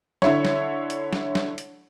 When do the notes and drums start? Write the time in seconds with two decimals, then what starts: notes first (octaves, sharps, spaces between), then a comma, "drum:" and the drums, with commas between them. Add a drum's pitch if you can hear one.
0.22 D3 E4 C#5, drum: snare
0.45 drum: snare
0.90 drum: hi-hat
1.13 drum: snare
1.35 drum: snare
1.58 drum: hi-hat